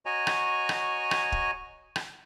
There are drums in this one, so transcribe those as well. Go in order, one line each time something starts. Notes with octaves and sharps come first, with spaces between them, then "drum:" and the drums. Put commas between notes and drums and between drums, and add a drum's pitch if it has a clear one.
F#4 C#5 D#5 G#5 A#5
drum: rim click
drum: rim click
drum: rim click
drum: kick
drum: rim click